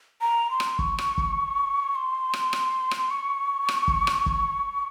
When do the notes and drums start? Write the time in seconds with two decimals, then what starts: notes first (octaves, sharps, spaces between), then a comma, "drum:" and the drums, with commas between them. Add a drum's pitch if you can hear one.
0.21 A#5
0.51 C6
0.60 drum: rim click
0.79 C#6, drum: kick
0.98 drum: rim click
1.18 drum: kick
1.95 C6
2.33 drum: rim click
2.53 drum: rim click
2.91 drum: rim click
3.11 C#6
3.69 drum: rim click
3.88 drum: kick
4.07 drum: rim click
4.26 drum: kick